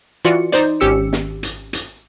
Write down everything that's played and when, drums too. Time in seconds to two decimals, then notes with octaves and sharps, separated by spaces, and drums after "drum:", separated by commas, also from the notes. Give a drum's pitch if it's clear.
0.25 E3 F4 F#4 D5 C#7
0.52 D#4 C5 D5, drum: hi-hat
0.80 G#1 C#4 G4 E6 C#7
1.13 drum: snare
1.43 drum: hi-hat
1.73 drum: hi-hat